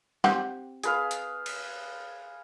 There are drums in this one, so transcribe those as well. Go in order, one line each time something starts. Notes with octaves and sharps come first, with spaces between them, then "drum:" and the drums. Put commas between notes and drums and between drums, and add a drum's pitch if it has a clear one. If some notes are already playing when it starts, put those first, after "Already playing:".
C4 G4 F#5, drum: snare
G#4 B4 F5, drum: hi-hat
drum: hi-hat
drum: cymbal